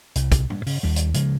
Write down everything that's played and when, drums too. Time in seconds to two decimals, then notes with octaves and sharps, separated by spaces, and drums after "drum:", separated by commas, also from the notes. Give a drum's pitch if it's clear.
0.15 C2, drum: hi-hat
0.32 drum: kick, hi-hat
0.50 G2, drum: tom G2
0.67 C#3, drum: open hi-hat
0.83 D#2 G3
0.96 drum: hi-hat
1.14 C#3 F3 G#3, drum: hi-hat